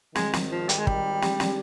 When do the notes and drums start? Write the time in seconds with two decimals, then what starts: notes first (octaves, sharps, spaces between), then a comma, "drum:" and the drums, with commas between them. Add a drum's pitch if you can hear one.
0.15 G#1 G#2 D#3 G#3, drum: snare
0.33 drum: snare
0.51 F3
0.69 G3, drum: hi-hat
0.79 G#3
0.87 G3, drum: kick
1.22 D#3 G#3 D4 G4, drum: snare
1.40 drum: snare